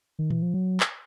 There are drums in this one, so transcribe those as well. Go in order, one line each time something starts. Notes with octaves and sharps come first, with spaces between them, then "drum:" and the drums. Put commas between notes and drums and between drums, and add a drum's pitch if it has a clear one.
D#3
E3, drum: tom A#2
F3
F#3
drum: clap